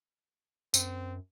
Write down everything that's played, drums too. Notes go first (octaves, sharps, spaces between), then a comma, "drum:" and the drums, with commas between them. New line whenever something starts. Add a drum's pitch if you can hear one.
F#2 C4, drum: tambourine